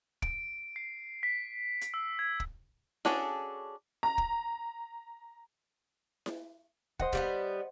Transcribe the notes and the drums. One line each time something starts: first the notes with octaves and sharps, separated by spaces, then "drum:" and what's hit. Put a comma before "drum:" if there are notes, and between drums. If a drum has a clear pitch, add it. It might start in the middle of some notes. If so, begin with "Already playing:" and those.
D7, drum: kick
C7
B6
drum: hi-hat
E6
G#6
drum: kick
C#4 D4 F#4 G#4 A4, drum: snare E4
A#5
drum: kick
drum: snare E4
C5 D#5 F#5, drum: kick
G3 A#3 B3, drum: kick